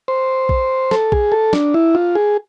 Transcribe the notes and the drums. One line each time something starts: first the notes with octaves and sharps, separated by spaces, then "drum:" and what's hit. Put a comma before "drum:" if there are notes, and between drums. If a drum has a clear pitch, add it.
C5
drum: kick
A4, drum: snare
G#4, drum: kick
A4
D4, drum: snare
E4
F4
G#4